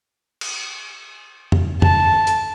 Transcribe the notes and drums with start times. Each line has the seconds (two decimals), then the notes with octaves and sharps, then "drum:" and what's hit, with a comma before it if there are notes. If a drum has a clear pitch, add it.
0.41 drum: cymbal
1.52 drum: tom F2
1.82 A5, drum: tom F2
2.27 drum: hi-hat